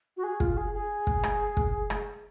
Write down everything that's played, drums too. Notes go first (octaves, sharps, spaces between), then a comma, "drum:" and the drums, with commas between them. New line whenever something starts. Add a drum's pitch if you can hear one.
F#4
G#4
F4, drum: kick
G#4
G#4
drum: kick
drum: rim click
drum: kick
drum: rim click